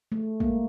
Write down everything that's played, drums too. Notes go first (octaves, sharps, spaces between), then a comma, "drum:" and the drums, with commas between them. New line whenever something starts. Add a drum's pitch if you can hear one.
A3
G#3 A#3, drum: kick